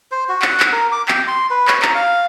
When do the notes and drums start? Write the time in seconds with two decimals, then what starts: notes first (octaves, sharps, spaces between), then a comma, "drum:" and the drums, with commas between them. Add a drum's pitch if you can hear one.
0.11 C5
0.29 F#4
0.42 F#5, drum: clap
0.60 drum: clap
0.73 A#4
0.92 D6
1.08 G5, drum: clap
1.28 C6
1.50 B4
1.68 C#5, drum: clap
1.82 A#5, drum: clap
1.95 F5